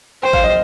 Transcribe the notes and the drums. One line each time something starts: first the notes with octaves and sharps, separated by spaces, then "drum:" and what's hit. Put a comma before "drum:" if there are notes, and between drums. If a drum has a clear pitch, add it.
C5 G5
F5, drum: kick G#1
D#5